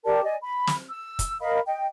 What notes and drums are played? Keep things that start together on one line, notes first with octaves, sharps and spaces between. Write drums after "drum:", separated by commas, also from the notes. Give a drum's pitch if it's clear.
G4 A#4 D5 A5
D5 D#5 G#5
B5
drum: snare
E6
drum: kick, hi-hat
A#4 D#5 F5 B5
D#5 G5